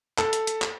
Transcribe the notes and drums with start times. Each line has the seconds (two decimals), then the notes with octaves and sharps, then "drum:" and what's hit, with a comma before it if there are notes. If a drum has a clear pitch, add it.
0.18 A4, drum: clap
0.33 drum: hi-hat
0.47 drum: hi-hat
0.62 drum: clap